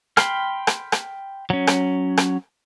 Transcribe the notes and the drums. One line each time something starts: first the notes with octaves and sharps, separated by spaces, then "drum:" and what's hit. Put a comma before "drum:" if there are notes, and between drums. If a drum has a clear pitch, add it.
G5 B5 C6 F6, drum: rim click
drum: rim click
drum: rim click
F#3 C#4
drum: rim click
drum: rim click